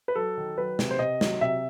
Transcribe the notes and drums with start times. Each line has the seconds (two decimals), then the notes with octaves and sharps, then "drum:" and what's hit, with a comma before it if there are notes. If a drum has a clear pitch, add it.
0.08 B4
0.16 F#3 A4
0.38 D#3
0.58 F#3 B4
0.79 C3, drum: snare
0.91 C5
0.99 C3 D#5
1.21 F#3, drum: snare
1.41 C3 E5